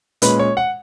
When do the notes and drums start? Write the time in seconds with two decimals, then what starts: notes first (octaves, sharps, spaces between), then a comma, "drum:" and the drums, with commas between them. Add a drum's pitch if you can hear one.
0.22 A#2 G#3 C#4 B4, drum: hi-hat
0.39 C#5
0.57 F#5